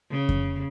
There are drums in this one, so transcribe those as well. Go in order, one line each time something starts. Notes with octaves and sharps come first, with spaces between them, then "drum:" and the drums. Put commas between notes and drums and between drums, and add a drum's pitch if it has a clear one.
C#3
drum: kick F2